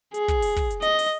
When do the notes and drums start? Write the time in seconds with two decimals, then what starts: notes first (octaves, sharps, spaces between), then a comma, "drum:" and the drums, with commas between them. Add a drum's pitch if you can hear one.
0.14 G#4, drum: hi-hat
0.28 drum: kick, hi-hat
0.42 drum: open hi-hat
0.56 drum: kick, hi-hat
0.70 drum: hi-hat
0.82 D#5, drum: hi-hat
0.99 drum: open hi-hat